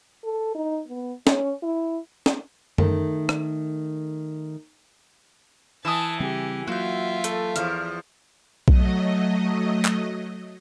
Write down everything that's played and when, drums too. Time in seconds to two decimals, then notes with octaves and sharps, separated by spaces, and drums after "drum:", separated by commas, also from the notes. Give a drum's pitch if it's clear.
0.24 A4
0.55 D#4
0.88 B3
1.27 C#4, drum: snare
1.63 E4
2.26 drum: snare
2.78 D#3 A3, drum: tom F#2
3.29 drum: rim click
5.85 E3 A5 D#6 E6
6.20 C#3 G3 C4 G4 G#4
6.68 F#3 A#3 F4 F#4 E5 G6
7.24 A3, drum: hi-hat
7.56 E2 F3 F5, drum: hi-hat
8.68 F#3 A3 D#5, drum: kick B1
9.85 drum: clap